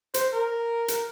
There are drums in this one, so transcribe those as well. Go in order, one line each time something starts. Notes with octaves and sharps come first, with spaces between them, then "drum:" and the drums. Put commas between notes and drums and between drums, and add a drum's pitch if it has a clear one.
C5, drum: hi-hat
A#4
drum: hi-hat